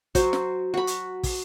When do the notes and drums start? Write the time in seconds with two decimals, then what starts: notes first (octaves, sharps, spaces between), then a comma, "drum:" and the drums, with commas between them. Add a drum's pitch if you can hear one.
0.15 F#3 F#4 C5, drum: kick, hi-hat
0.33 drum: snare
0.74 F#4 B5
0.87 drum: hi-hat
1.23 drum: kick, open hi-hat